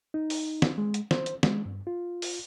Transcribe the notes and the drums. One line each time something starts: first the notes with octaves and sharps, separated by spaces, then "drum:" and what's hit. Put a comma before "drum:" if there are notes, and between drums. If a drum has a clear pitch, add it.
D#4
drum: open hi-hat
drum: snare
G#3
drum: hi-hat
C5, drum: snare
drum: hi-hat
G#3, drum: snare
G2
F4
drum: open hi-hat